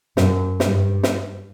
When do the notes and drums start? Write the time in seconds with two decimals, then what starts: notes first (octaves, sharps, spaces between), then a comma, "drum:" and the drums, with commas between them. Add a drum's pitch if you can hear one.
0.17 F#2, drum: snare
0.60 G2, drum: snare
1.03 drum: snare